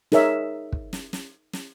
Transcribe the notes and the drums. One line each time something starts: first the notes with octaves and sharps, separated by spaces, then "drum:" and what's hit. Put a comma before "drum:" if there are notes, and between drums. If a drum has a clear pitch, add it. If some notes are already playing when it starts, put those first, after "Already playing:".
D#4 G#4 A#4 C#5 E5, drum: snare
drum: kick
drum: snare
drum: snare
drum: snare